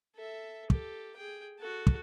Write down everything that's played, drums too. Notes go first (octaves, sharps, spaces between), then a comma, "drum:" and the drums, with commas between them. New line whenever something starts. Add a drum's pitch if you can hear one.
A4 E5
G4 A4, drum: kick
G#4 G5
F#4 A4
drum: kick